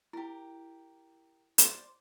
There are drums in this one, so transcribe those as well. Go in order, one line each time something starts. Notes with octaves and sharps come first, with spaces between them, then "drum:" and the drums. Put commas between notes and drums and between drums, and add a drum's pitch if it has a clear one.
E4 G4 A#4
C5 D5, drum: hi-hat